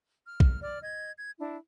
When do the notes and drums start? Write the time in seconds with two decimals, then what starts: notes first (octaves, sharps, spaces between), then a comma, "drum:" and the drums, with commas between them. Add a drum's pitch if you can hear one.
0.25 F6
0.40 drum: kick
0.61 D5 F6
0.82 D#5 G#6
1.17 G#6
1.38 D4 E4